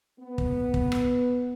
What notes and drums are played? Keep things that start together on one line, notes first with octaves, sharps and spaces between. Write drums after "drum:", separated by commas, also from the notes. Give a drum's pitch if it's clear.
B3
drum: kick
drum: kick
drum: rim click